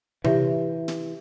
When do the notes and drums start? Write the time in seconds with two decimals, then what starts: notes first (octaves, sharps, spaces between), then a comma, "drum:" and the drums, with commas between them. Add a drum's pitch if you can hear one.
0.24 E3 E4 G4 C#5 E5, drum: tom C3
0.88 drum: snare